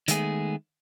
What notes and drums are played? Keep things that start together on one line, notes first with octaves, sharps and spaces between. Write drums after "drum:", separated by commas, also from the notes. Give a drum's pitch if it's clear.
D#3 G#3 A3 B3 G#4, drum: hi-hat